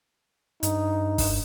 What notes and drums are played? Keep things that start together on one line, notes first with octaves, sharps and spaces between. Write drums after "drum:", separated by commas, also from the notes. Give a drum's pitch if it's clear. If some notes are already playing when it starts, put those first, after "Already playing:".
G2 D#4, drum: hi-hat
drum: kick, open hi-hat